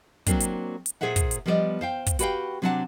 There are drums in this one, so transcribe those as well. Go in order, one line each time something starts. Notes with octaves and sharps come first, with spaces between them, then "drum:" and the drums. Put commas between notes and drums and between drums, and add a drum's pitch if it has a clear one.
F#3 A#3 C4 D4, drum: kick, hi-hat
drum: hi-hat
drum: hi-hat
A#2 E3 G#4 C5 E5 F#5
drum: kick, hi-hat
drum: hi-hat
F3 G3 B3 G4 D5 D#5
C5 F5 G5
drum: kick, hi-hat
F#4 G4 B4 D5 F5 G5, drum: hi-hat
C3 F#3 D4 A4 F#5 A5